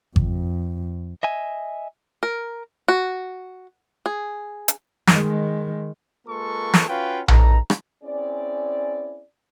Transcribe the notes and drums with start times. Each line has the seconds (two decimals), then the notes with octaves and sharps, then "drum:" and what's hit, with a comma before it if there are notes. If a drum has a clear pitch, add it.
0.16 F2, drum: kick G#1
1.23 D#5 E5 G#5
2.23 A#4
2.88 F#4
4.06 G#4
4.68 drum: hi-hat
5.07 D#3 G#3, drum: snare
6.27 G#3 A#3 F4 A4 B4 C#6
6.74 drum: snare
6.88 C#4 F4 F#4 B4 F5 G5
7.28 D#4 A4 B4 A#5, drum: tom A#1
7.70 drum: rim click
8.04 C4 C#4 E4 G#4 D5